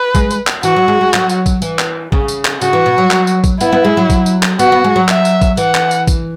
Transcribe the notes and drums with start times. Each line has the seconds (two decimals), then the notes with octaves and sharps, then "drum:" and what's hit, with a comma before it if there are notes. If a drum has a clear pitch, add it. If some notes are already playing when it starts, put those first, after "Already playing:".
Already playing: B4
0.15 G#3, drum: kick, tambourine
0.31 drum: tambourine
0.47 drum: clap
0.63 E3 F#4, drum: tambourine
0.76 F#3
0.88 G#3
1.01 G#3
1.14 F#3, drum: clap
1.29 drum: tambourine
1.46 drum: kick, tambourine
1.62 E3, drum: tambourine
1.79 drum: clap
2.12 C#3, drum: kick
2.28 drum: tambourine
2.45 drum: clap
2.61 C#3 F#4, drum: tambourine
2.73 E3
2.86 B2
2.98 F#3
3.11 drum: clap
3.27 drum: tambourine
3.44 drum: kick, tambourine
3.60 B3 E4, drum: tambourine
3.72 B3
3.85 G#3
3.97 F#3
4.10 drum: kick, tambourine
4.26 drum: tambourine
4.43 drum: clap
4.59 B3 F#4, drum: tambourine
4.72 B3
4.84 G#3
4.96 F#3
5.08 E5, drum: clap
5.25 drum: tambourine
5.42 drum: kick, tambourine
5.57 E3 F#5, drum: tambourine
5.74 drum: clap
5.91 drum: tambourine
6.07 drum: kick, tambourine